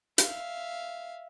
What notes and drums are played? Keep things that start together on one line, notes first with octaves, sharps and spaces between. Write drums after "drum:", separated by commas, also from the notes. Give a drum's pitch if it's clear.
E5 F5, drum: hi-hat